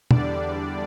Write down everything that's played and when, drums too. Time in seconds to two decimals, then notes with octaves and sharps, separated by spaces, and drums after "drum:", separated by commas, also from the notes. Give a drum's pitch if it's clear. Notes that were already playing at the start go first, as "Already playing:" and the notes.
0.11 E2 D3 G3 D4 D5, drum: tom